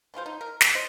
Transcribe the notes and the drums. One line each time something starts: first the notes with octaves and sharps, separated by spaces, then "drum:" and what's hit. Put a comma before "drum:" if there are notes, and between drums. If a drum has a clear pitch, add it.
B2 G#3 F4 C5
D#4
A#4
G3, drum: snare
C5 D#5